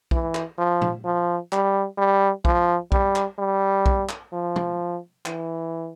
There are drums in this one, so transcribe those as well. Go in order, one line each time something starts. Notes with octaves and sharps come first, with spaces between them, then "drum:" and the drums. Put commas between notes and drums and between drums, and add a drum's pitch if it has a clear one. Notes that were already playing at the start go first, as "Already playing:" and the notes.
E3, drum: kick B1
drum: clap
F3
drum: tom A#2
F3
G3, drum: clap
G3
F3, drum: kick B1
G3, drum: kick B1
drum: clap
G3
drum: kick B1
drum: clap
F3
drum: tom
E3, drum: clap